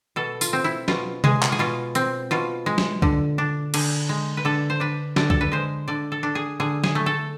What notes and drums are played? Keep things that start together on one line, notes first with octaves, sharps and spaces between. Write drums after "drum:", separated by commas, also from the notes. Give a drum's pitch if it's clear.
B2 A4
F4, drum: tambourine
C4
E4
B2 F4, drum: snare
G#3 G#4, drum: tom C3
drum: clap
G#4
B2 F4
C4, drum: hi-hat
B2 F4
G#3
drum: snare
D3, drum: kick
D4
D3 G#4, drum: cymbal
G#3
B4
D3 A4
C5
D4 B4
D3 D5, drum: snare
A4, drum: kick
B4
G#3 C5
D3 D5
A4
D4
G#4
D3 G#4
G#4, drum: snare
A3
A4